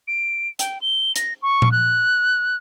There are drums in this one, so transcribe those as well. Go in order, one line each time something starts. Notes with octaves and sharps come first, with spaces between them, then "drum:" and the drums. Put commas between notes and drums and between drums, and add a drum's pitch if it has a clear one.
D7
G5, drum: hi-hat
G7
A#6, drum: hi-hat
C#6
drum: tom A#2
F#6